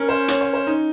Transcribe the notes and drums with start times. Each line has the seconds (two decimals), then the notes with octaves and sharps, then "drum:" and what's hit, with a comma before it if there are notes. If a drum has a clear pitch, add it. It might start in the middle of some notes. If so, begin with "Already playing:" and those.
Already playing: C#4 A#4
0.09 C5
0.28 C#5, drum: hi-hat
0.41 C#5
0.54 C5
0.67 D#4